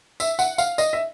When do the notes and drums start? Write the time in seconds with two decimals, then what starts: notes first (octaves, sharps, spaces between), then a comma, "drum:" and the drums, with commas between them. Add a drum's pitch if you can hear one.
0.20 E5, drum: tambourine
0.39 F#5, drum: tambourine
0.58 F5, drum: tambourine
0.78 D#5, drum: tambourine
0.93 E5